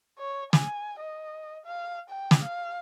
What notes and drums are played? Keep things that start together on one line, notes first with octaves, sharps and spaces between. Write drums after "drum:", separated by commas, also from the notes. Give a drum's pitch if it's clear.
C#5
G#5, drum: snare
D#5
F5
G5
drum: snare
F5